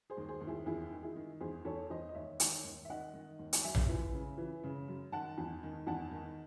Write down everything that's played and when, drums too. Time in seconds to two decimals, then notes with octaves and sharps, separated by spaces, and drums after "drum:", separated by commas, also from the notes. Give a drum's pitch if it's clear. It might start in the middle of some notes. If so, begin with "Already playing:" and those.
0.10 G#4 C5
0.17 D#2
0.28 G#4 C5
0.41 D#2
0.47 E4 G#4
0.66 E2 E4 G#4
0.91 D#3
1.03 E4 G#4
1.16 D#3
1.41 E2 G#4 C5
1.65 E2 A4 C#5
1.90 E2 C5 D#5
2.09 D#5
2.15 D#2 C#5 E5
2.40 D#3, drum: hi-hat
2.64 D#2
2.85 E5
2.90 D#3 D#5 F#5
3.14 D#3
3.39 D#2
3.53 drum: hi-hat
3.63 F#2 E5 G#5
3.75 drum: tom A#1
3.88 E3
4.13 C#3
4.38 E3
4.64 C#3
4.88 F#2
5.12 D#3 F#5 A5
5.38 E2
5.63 D#3
5.87 E2 F#5 A5
6.11 D#3